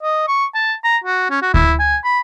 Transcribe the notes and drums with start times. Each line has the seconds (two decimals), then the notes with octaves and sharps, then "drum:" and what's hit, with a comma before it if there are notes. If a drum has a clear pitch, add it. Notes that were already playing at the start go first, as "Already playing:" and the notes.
0.03 D#5
0.28 C#6
0.55 A5
0.84 A#5
1.04 F#4
1.31 C#4
1.42 F#4
1.54 E4, drum: kick D2
1.80 G#5
2.05 B5